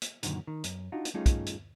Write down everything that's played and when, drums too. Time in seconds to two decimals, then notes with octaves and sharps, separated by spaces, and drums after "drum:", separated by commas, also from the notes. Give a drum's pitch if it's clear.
0.02 drum: hi-hat
0.23 F#2 A#2 D3 D#3, drum: hi-hat
0.47 D#3
0.64 F#2, drum: hi-hat
0.92 D4 D#4 F4 F#4
1.05 drum: hi-hat
1.14 G3 A3 C#4 D#4 F4 G#4
1.26 drum: kick, hi-hat
1.46 drum: hi-hat